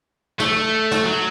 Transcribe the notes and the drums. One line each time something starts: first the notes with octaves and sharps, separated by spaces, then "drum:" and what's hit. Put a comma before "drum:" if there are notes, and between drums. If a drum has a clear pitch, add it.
A3, drum: snare
drum: snare
F#3